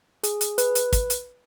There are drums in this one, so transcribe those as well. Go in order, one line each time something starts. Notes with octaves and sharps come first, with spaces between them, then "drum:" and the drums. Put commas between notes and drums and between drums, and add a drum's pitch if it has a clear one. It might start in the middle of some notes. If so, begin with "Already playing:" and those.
G#4, drum: hi-hat
drum: hi-hat
B4, drum: hi-hat
drum: hi-hat
drum: kick, hi-hat
drum: hi-hat